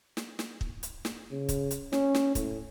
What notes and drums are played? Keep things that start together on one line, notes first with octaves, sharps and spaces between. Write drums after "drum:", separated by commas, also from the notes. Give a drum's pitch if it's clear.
drum: snare
drum: snare
drum: kick
drum: hi-hat
drum: snare
C#3
drum: kick, hi-hat
drum: hi-hat
C#4, drum: snare
drum: snare
A2, drum: kick, hi-hat